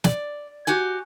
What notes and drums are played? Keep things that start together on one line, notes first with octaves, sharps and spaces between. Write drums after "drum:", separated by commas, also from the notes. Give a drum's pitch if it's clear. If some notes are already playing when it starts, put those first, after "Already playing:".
D5, drum: snare
F#4 G4 G#5